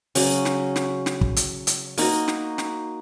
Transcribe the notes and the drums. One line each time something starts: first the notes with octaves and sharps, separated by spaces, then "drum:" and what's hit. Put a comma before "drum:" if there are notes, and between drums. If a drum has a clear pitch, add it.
C#3 F#3 C#4, drum: open hi-hat
drum: snare
drum: snare
drum: snare
drum: kick
drum: hi-hat
drum: hi-hat
A#3 D#4 F#4, drum: open hi-hat
drum: snare
drum: snare